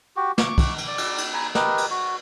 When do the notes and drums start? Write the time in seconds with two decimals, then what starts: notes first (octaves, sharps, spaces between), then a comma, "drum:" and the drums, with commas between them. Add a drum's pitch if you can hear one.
0.16 F#4 G4
0.38 C#6 D6, drum: snare
0.58 drum: kick, cymbal
0.78 drum: cymbal
0.87 D5
0.98 drum: cymbal
1.18 drum: cymbal
1.34 G#5 A#5 B5
1.55 G4 A#4 B4 D#5, drum: snare
1.78 drum: cymbal
1.91 F#4